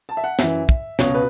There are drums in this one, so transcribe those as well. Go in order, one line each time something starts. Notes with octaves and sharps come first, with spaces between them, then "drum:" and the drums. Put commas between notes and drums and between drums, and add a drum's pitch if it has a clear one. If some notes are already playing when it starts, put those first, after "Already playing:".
A5
E5
F#5
F#2 E3 E5, drum: snare
drum: kick
C#2 B2 C#5, drum: snare
B4